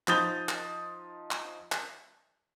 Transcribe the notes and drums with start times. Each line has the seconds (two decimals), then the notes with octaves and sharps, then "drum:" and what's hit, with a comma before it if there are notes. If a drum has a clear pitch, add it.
0.08 F3 D#4 D#6 G6 A6 G7, drum: clap
0.49 drum: clap
1.31 drum: clap
1.72 drum: clap